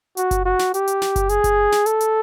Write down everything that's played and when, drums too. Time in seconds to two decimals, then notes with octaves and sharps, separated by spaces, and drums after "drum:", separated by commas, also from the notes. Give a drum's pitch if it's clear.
0.17 F#4, drum: hi-hat
0.31 drum: kick F#1, hi-hat
0.45 F#4
0.59 drum: snare
0.74 G4, drum: hi-hat
0.87 drum: hi-hat
1.02 drum: snare
1.16 drum: kick F#1, hi-hat
1.29 G#4, drum: hi-hat
1.44 drum: kick F#1, hi-hat
1.72 drum: snare
1.86 A4, drum: hi-hat
2.00 drum: hi-hat